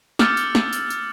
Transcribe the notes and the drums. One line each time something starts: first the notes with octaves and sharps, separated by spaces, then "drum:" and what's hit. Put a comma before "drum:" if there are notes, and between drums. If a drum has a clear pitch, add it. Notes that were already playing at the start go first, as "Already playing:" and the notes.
D6 E6 F6 G6 A6 C#7, drum: snare
drum: tambourine
drum: snare
drum: tambourine
drum: tambourine